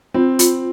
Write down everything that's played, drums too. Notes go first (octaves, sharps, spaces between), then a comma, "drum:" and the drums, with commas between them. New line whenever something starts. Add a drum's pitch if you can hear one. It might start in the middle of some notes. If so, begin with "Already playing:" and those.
C4 F4
F4, drum: hi-hat